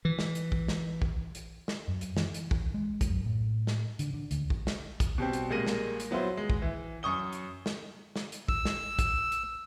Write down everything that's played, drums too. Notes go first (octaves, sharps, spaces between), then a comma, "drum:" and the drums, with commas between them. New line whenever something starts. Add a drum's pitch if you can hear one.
E3
drum: snare
drum: hi-hat
drum: kick
drum: snare
drum: kick
drum: hi-hat
drum: snare
F#2
drum: hi-hat
E3, drum: snare
drum: hi-hat
drum: kick
G#3
drum: kick, hi-hat
F#2
A2
drum: snare
D3, drum: hi-hat
D3
D2, drum: hi-hat
drum: kick
drum: snare
drum: kick, hi-hat
B2 G3 C4
drum: hi-hat
A#1 G3 G#3 A#3 A#6 D#7
drum: snare
drum: hi-hat
F#3 B3 E4 F4 C5
G#3
drum: kick
E3
F#2 C#6 D#6 G7
drum: hi-hat
drum: snare
drum: snare
drum: hi-hat
E6, drum: kick
drum: snare
drum: kick, hi-hat
drum: hi-hat